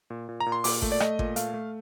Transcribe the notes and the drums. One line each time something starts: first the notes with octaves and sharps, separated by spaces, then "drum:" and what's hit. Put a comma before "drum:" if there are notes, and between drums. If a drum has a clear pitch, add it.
A#2
A#2
A#5
A#2
C6
A#2 D6, drum: open hi-hat
A3, drum: kick G#1
D5
A3 D#5, drum: rim click
A#2, drum: kick G#1
A3 F5, drum: hi-hat
A3